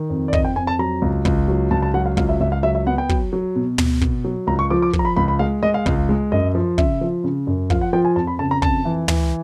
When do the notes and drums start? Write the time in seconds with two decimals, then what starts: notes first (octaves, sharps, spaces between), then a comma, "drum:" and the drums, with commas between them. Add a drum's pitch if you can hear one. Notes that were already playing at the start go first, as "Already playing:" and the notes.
Already playing: D#3
0.10 F2
0.28 D5
0.33 F2 D#5, drum: kick
0.45 G5
0.56 F2 G#5
0.67 A5
0.79 F#3 A#5
1.02 C#2
1.25 C#2, drum: kick
1.48 F#3
1.71 C#2 A5
1.83 A5
1.94 F#3 F#5
2.06 F5
2.17 C#2 F5, drum: kick
2.29 E5
2.40 C#2 E5
2.52 F5
2.63 F#3 E5
2.75 E5
2.86 B3 F#5
2.98 G5
3.09 F#3, drum: kick
3.33 F#3
3.56 B2
3.78 B2, drum: tom
4.01 B2, drum: kick
4.25 F#3
4.47 C#2 A#5
4.59 C#6
4.70 F3 D6
4.82 D6
4.93 F3, drum: kick
4.99 A#5
5.05 B5
5.16 C#2 B5
5.28 B5
5.39 G#3 F5
5.63 G#3 D#5
5.74 F5
5.86 C#2, drum: kick
6.09 G#3
6.32 F#2 D#5
6.55 F3
6.78 C#3 E5, drum: kick
7.01 F3
7.24 C#3
7.47 F#2
7.70 F3 F5, drum: kick
7.81 F#5
7.93 F3 G5
8.05 G#5
8.16 F2 A5
8.27 B5
8.39 C#3 A5
8.51 A#5
8.62 F2 A5, drum: kick
8.85 E3
9.08 E3, drum: tom